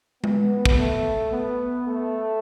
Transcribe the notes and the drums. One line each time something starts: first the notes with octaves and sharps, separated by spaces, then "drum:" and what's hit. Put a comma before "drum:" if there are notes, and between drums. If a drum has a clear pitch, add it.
B3, drum: tom G#3
drum: kick
A3
B3
A3